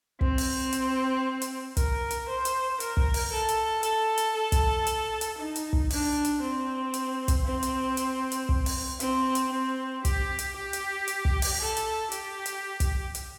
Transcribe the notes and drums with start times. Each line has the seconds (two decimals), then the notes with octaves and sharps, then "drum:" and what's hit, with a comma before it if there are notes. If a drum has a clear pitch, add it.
0.21 C4, drum: kick
0.38 drum: open hi-hat
0.73 drum: hi-hat
1.42 drum: hi-hat
1.77 A#4, drum: kick, hi-hat
2.11 drum: hi-hat
2.28 C5
2.45 drum: hi-hat
2.80 A#4, drum: hi-hat
2.97 drum: kick
3.14 drum: open hi-hat
3.32 A4
3.49 drum: hi-hat
3.83 A4, drum: hi-hat
4.18 drum: hi-hat
4.35 A4
4.52 drum: kick, hi-hat
4.87 drum: hi-hat
5.21 drum: hi-hat
5.38 D#4
5.56 drum: hi-hat
5.73 drum: kick
5.91 D4, drum: open hi-hat
6.25 drum: hi-hat
6.42 C4
6.94 drum: hi-hat
7.28 drum: kick, hi-hat
7.45 C4
7.63 drum: hi-hat
7.97 drum: hi-hat
8.32 drum: hi-hat
8.49 drum: kick
8.66 drum: open hi-hat
9.00 C4, drum: hi-hat
9.35 drum: hi-hat
9.53 C4
10.05 G4, drum: kick, hi-hat
10.39 drum: hi-hat
10.56 G4
10.73 drum: hi-hat
11.08 drum: hi-hat
11.25 drum: kick
11.42 drum: open hi-hat
11.59 A4
11.77 drum: hi-hat
12.12 G4, drum: hi-hat
12.46 drum: hi-hat
12.80 drum: kick, hi-hat
13.15 drum: hi-hat